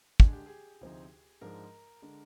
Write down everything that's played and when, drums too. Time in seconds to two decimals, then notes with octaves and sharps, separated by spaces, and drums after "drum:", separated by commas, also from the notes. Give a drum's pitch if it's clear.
0.20 D3 G#3 D4 G#4, drum: kick
0.33 G4
0.46 G#4
0.81 D2 C3 F3 C4 D#4
1.41 G#2 F3 G#3 D4 A#4
2.02 D3 G#3 D4